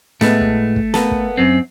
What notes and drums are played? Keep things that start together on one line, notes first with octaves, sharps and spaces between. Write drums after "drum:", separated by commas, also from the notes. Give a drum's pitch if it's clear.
A2 G#3 A3 B3, drum: snare
drum: kick
drum: kick
A#3 B3 A4, drum: snare
drum: kick
F#2 C4